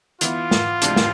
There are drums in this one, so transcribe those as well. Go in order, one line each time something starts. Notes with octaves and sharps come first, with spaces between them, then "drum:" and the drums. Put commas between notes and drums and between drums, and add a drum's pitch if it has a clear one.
E3 B3 E4 F4, drum: hi-hat
drum: snare
D2 C3 E3 G#3 D4, drum: hi-hat
drum: snare